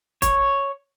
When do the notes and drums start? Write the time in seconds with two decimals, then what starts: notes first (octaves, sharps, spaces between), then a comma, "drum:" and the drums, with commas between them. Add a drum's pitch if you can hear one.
0.22 C#5, drum: kick, hi-hat